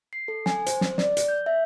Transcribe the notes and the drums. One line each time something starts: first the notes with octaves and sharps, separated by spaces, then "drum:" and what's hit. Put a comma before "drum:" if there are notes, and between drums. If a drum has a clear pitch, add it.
C7
A4
G#5, drum: snare
C5, drum: hi-hat
drum: snare
D5, drum: snare
drum: hi-hat
G6
E5